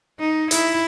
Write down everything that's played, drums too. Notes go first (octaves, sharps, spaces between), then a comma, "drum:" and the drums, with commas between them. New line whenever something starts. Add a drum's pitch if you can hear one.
D#4
E4, drum: hi-hat